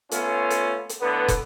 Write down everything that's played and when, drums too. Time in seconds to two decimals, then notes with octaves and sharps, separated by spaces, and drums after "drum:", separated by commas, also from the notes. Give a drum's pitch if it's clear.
0.11 A3 B3 C#4 F4, drum: hi-hat
0.50 drum: hi-hat
0.89 drum: hi-hat
1.01 A2 D3 B3
1.28 drum: kick, hi-hat